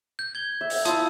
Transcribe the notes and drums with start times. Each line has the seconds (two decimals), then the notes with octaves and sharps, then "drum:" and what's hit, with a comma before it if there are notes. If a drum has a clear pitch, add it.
0.19 G6
0.35 G#6 G7
0.61 E5
0.70 drum: open hi-hat
0.85 E4 F4 A5 D#6 E6, drum: hi-hat